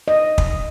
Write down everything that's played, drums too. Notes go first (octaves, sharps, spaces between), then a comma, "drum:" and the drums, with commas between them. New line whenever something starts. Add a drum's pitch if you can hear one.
D#5
drum: kick